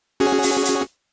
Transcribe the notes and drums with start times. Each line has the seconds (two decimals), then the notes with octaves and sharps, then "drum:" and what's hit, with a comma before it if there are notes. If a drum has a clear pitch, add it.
0.20 C#4 F#4 G#4
0.43 drum: open hi-hat
0.65 drum: hi-hat